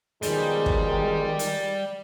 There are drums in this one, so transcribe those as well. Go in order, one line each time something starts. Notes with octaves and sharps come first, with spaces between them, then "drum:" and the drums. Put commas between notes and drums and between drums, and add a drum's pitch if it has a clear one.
B2 D#3 F3 G3 G#3 D#4, drum: hi-hat
drum: kick
drum: hi-hat